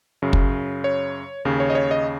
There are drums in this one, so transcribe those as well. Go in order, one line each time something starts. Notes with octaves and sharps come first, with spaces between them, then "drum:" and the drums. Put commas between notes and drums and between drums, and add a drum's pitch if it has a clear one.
F#2 C#3
drum: kick
C#5
D#2 C#3
C#5
D#5
C#5
D#5